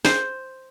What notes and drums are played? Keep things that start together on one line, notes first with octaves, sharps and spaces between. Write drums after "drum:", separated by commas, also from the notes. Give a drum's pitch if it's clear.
C5, drum: snare